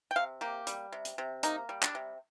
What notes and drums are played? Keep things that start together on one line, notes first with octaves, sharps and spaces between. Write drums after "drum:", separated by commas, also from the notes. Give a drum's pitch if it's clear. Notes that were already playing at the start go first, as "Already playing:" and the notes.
G5
C3 F5
A#3 G4
G3, drum: hi-hat
C3
drum: hi-hat
C3
A#3 D#4, drum: hi-hat
G3
D4, drum: clap
C3